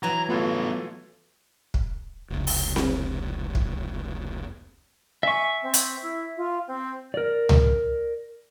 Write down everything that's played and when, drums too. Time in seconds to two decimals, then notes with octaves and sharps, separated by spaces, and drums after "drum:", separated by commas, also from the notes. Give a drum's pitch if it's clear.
0.03 E3 F#3 A#5
0.30 A3 B3 F4 A4
1.74 drum: kick
2.30 F1 C#2
2.47 drum: open hi-hat
2.76 drum: snare C4
3.55 drum: kick
5.23 E5 G#5 C#6
5.63 C4
5.74 drum: hi-hat
6.02 E4
6.37 F4
6.68 C4
7.14 A#4 D5
7.49 drum: tom C#2